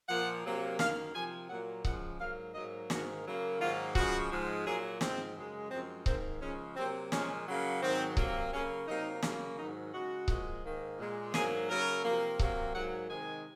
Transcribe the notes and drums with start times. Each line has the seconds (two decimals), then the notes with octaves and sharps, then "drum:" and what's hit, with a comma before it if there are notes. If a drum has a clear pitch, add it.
0.08 A#2 F3 A#3 F#5
0.44 C3 F#3 A#3
0.79 F#2 D#3 A#3 F5, drum: snare
1.14 C3 F3 A#3 G#5
1.49 A#2 F#3 A#3 F#5
1.84 C#3 F3 G#3 F#5, drum: kick C#1
2.19 G#2 F#3 A#3 F5
2.54 G#2 F#3 A#3 D#5
2.90 G#2 D#3 A#3 F#4, drum: snare
3.26 C#3 F#3 A#3
3.60 G#2 D#3 F#3 A#3 F4
3.95 C#3 F3 G#3 F#4, drum: kick C#1
4.30 G#2 F3 G#3
4.66 A#2 F#3 A#3 G#4
5.01 G#2 F3 G#3 C4, drum: snare
5.35 F#2 C#3 G#3
5.71 F#2 F3 G#3 C4
6.06 G#2 D#3 A#3 C4, drum: kick C#1
6.41 C#3 F3 G#3 C#4
6.76 C3 F#3 A#3 C4
7.12 A#2 F3 G#3 C#4, drum: snare
7.47 C#3 F#3 A#3
7.82 G#2 D#3 F#3 C4
8.17 C3 F#3 A#3, drum: kick C#1
8.52 C#3 F#3 A#3 C#4
8.87 C3 F#3 A#3 D#4
9.22 C#3 F#3 A#3, drum: snare
9.57 G#2 D#3 F#3 D#4
9.93 C#3 G#3 F#4
10.28 A#2 F3 G#3, drum: kick C#1
10.63 G#2 D#3 A#3
10.99 A#2 G#3
11.34 G#2 F#3 A#3 G#4, drum: snare
11.69 C#3 F#3 A#3 A#4
12.04 C3 F3 A#3
12.39 C3 F#3 A#3, drum: kick C#1
12.74 G#2 F#3 A#3 F#5
13.10 C3 D#3 G#3 G#5